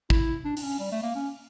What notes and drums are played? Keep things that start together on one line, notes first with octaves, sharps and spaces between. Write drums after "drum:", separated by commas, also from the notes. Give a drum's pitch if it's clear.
E4, drum: kick
D4
D4, drum: open hi-hat
C#4
G3
A3
A#3
C#4